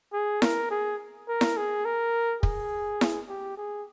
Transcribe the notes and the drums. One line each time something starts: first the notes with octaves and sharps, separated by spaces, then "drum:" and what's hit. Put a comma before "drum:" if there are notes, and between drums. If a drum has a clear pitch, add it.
G#4
A#4, drum: snare E4
G#4
A#4
drum: snare E4
G#4
A#4
G#4, drum: kick
drum: snare E4
G4
G#4